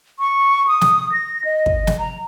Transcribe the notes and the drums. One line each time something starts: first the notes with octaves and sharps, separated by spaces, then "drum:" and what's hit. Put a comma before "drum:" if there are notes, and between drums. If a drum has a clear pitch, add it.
C#6
D#6
drum: snare
A#6
D#5
drum: kick
drum: snare
A#5